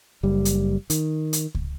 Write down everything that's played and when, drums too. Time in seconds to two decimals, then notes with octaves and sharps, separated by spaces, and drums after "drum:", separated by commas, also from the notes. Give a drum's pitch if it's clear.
0.23 F#1 G3
0.45 drum: hi-hat
0.90 D#3, drum: hi-hat
1.33 drum: hi-hat
1.55 drum: kick C#2